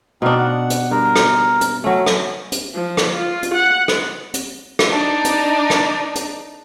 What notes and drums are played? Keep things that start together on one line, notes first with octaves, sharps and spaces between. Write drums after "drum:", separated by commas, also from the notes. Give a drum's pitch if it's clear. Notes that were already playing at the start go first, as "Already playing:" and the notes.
B2 C4 D4 D#4 F5
F#5
drum: hi-hat
G2 A#4
drum: rim click
drum: hi-hat
F#3 A3 C#4
drum: rim click
drum: hi-hat
F3
drum: rim click
F4
drum: hi-hat
F#5
drum: rim click
drum: hi-hat
drum: rim click
D4 D#4
drum: hi-hat
drum: rim click
drum: hi-hat